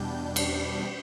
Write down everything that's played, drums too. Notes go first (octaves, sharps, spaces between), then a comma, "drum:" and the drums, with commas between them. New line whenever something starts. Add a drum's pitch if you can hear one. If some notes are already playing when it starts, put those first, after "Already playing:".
Already playing: E2 B2 G3 D4 G6
G6, drum: cymbal